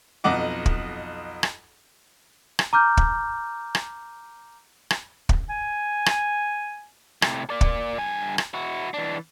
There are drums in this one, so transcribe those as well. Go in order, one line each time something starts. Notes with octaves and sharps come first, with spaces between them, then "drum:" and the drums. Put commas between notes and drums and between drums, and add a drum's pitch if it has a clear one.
B1 F2 D#5 F#5 D6
drum: kick
drum: rim click
drum: rim click
A#5 D6 F6 G6
drum: kick
drum: rim click
drum: rim click
drum: kick
G#5
drum: rim click
A2 C3, drum: rim click
A#3 D5
drum: kick
G2 G#5
drum: rim click
E4 F#4
E3 D4